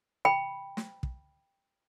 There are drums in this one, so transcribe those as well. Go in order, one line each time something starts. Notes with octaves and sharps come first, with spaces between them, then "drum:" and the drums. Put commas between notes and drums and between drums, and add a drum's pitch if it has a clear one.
G5 B5
drum: snare
drum: kick